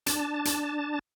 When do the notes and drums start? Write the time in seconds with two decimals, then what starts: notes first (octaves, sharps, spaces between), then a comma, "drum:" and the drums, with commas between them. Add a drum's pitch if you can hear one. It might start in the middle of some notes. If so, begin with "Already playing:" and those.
0.06 D4 A5, drum: hi-hat
0.45 drum: hi-hat